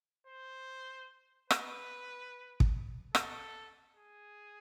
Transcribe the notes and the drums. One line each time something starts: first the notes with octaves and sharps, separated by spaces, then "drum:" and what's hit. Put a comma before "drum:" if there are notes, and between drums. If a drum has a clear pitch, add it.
C5
B4, drum: rim click
drum: kick
A4, drum: rim click
G#4